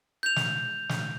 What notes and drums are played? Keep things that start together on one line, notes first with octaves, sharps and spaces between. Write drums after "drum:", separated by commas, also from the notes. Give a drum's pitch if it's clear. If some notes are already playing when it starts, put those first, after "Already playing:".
G6 F7
drum: snare
drum: snare